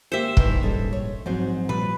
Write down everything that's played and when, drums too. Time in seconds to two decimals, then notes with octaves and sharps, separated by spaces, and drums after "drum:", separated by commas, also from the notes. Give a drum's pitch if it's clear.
0.12 G#3 A#3 G4 C5 E5
0.37 G2 D#3 E3, drum: kick
0.63 A#1 G#2 G3 C#4 G#4 A4
0.93 C#5
1.26 G#2 F3 F#3 C4 C5
1.69 A#2 F3 G3 B4